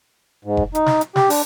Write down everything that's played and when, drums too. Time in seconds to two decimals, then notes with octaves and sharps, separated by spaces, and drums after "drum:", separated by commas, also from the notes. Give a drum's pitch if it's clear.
0.45 G#2
0.57 drum: kick F1
0.75 D#4, drum: hi-hat
0.86 drum: snare
1.01 drum: hi-hat
1.16 G4, drum: snare
1.30 D4, drum: open hi-hat